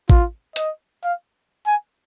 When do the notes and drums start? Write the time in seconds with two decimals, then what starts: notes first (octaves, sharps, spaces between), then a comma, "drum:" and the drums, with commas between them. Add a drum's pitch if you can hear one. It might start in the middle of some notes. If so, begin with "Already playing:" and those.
0.10 F4, drum: kick A1
0.56 D#5, drum: hi-hat
1.04 F5
1.66 G#5